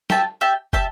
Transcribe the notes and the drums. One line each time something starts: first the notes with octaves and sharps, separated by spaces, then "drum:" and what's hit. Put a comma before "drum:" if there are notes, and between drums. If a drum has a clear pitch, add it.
G4 E5 A5, drum: snare
G4 E5 A5
G4 E5 A5, drum: kick